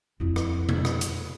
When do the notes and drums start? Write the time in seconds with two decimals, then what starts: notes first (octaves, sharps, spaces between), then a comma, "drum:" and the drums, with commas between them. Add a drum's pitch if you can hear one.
0.20 F2 E4
0.36 drum: rim click
0.69 drum: tom B2
0.85 drum: rim click
1.01 drum: hi-hat